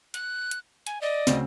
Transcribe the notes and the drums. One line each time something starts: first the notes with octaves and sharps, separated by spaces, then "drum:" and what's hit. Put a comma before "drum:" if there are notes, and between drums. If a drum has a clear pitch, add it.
F#6, drum: hi-hat
drum: hi-hat
G#5, drum: hi-hat
D5 D#5
D2 C#3 C4, drum: snare